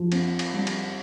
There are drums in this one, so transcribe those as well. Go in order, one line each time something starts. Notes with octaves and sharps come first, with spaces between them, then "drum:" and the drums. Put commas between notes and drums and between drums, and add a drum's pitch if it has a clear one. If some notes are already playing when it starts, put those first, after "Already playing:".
Already playing: F3
C4, drum: cymbal
drum: cymbal
G3
drum: cymbal